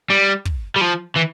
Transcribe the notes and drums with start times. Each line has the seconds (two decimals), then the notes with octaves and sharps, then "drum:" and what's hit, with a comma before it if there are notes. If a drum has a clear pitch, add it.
0.10 G3
0.46 drum: kick
0.76 G3
0.81 F3
1.16 E3